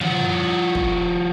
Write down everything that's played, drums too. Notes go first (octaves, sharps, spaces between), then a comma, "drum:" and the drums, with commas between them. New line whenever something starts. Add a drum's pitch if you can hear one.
F3 F#4, drum: tom
drum: kick